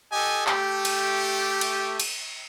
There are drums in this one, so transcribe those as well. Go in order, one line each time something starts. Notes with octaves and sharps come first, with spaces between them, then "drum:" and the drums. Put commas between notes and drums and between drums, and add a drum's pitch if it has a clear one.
G4 A4 D#5 G#5
A3 G4, drum: clap
drum: cymbal
drum: cymbal
drum: cymbal